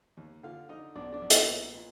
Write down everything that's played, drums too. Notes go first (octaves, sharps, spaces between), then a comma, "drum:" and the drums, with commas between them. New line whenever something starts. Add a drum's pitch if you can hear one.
D#2
D3 F4 F5
D3 D#4 D#5
B1 D4 D5
D4 D5
B1
B3 B4, drum: hi-hat
A#2
A#2